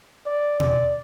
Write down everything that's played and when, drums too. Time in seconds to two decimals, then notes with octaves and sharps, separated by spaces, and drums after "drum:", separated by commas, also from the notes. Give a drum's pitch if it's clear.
0.26 D5
0.60 D5, drum: tom B2